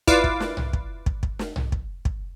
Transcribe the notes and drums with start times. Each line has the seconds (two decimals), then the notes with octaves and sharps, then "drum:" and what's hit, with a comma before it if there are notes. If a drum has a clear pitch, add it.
0.07 E4 F4 B4 D5 F5 D6, drum: kick
0.24 drum: kick
0.40 drum: snare
0.57 drum: tom B1
0.73 drum: kick
1.06 drum: kick
1.23 drum: kick
1.39 drum: snare
1.56 drum: tom B1
1.72 drum: kick
2.05 drum: kick